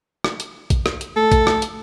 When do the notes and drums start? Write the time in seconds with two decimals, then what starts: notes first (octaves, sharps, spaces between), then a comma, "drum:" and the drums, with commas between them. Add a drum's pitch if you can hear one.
0.24 drum: rim click
0.40 drum: hi-hat
0.70 drum: kick, hi-hat
0.86 drum: rim click
1.01 drum: hi-hat
1.16 A3 A4
1.32 drum: kick, hi-hat
1.47 drum: rim click
1.62 drum: hi-hat